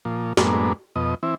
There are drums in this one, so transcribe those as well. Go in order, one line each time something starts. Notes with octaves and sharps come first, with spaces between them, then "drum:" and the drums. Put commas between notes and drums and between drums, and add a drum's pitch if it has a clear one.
A#2 F3
F#2 A2 G#3 A#3 B3 D4, drum: snare
F2 B2 D#5
E3 C4 E4